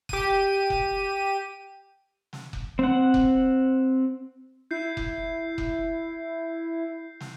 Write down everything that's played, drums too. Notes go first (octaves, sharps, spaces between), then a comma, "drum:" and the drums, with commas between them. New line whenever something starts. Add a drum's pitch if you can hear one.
G4 D#7, drum: kick F1
drum: kick F1
drum: snare
drum: kick F1
C4 F#5
drum: kick F1
E4 G6 C7
drum: kick F1
drum: kick F1
drum: snare